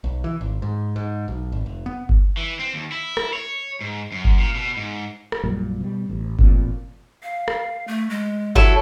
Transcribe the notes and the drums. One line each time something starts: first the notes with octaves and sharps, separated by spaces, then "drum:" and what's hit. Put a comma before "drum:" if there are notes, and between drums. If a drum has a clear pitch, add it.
B1
E3
G#1
G#2
G#2
B1
G#1
F1
B3
drum: kick G1
E3
C4
D#2
E4
drum: rim click
C#5
G#2
F#2
drum: kick G1
A#2
B2
G#2
drum: rim click
A#1 F#2 A#2 G3
B2 G3
A1
E1 A1 A#2 C4, drum: kick G1
F5
drum: rim click
A3
G#3
F#3 E4 A4, drum: kick G1